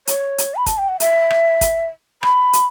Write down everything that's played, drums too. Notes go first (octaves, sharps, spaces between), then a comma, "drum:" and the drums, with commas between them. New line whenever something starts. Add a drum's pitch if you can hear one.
C#5, drum: hi-hat
drum: hi-hat
B5
A5, drum: kick, hi-hat
G5
F#5
E5, drum: hi-hat
drum: rim click
drum: kick, hi-hat
B5, drum: rim click
drum: hi-hat